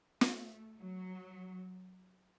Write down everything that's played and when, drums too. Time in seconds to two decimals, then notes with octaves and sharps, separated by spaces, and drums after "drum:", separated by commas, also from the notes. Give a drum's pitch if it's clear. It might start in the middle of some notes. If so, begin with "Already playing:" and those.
0.21 A3, drum: snare
0.76 F#3